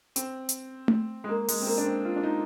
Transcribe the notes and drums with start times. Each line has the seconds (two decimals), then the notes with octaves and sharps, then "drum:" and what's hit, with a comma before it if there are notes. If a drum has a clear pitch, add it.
0.16 C4, drum: hi-hat
0.49 drum: hi-hat
0.88 drum: tom A3
1.24 G#3
1.29 A#3
1.48 G#3, drum: open hi-hat
1.62 C4
1.67 A#3
1.78 D4
1.86 C4
2.05 F4
2.16 D4
2.23 D#4